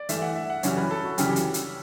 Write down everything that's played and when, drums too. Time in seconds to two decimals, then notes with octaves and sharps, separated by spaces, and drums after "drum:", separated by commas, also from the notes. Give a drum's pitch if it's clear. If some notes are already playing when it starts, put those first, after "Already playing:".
Already playing: D5
0.09 G2 E3 A3 E5, drum: hi-hat
0.22 F#5
0.36 E5
0.50 F#5
0.63 F#2 C#3 E3 G3 C#5, drum: hi-hat
0.77 B4
0.91 A4
1.04 F#4
1.18 F#2 C#3 E3 G3 G4, drum: hi-hat
1.36 drum: hi-hat
1.54 drum: hi-hat